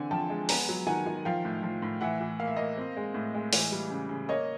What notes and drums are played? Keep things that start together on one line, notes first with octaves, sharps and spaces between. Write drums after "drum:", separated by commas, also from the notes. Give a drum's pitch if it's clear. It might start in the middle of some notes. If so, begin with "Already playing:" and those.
Already playing: D3 E3 C4 G#5
F3 G5 A5
G#3
B3 G#5 A#5, drum: open hi-hat
F#3
D#3 F#5 G#5
D#3
F3 F5 G5
A2
F3
A2
E3 E5 F#5
E3
A#3 F5
E5
A#3 D#5 F5
C4
G#3
A2
G#3
E3, drum: open hi-hat
G3
C#3
C#3
A#3 C#5 D#5